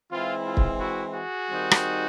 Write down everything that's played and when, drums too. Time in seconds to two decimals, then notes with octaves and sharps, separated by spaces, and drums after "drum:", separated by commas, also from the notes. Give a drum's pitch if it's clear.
0.11 E3 G#3 C4 E4 F4
0.45 F4
0.57 drum: kick
0.80 E4 F#4
1.14 F#4 G#4
1.49 D#3 G3 C4 D#4
1.71 drum: rim click